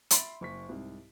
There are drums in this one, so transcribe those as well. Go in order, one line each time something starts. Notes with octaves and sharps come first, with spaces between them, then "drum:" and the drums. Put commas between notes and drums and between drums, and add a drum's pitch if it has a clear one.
E5 B5 C6 A6 D7, drum: hi-hat
F#1 C#6 B6
C2 G#2